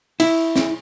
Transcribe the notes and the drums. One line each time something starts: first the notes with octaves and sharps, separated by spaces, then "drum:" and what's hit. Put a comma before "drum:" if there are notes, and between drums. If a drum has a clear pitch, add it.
E4, drum: cymbal
drum: snare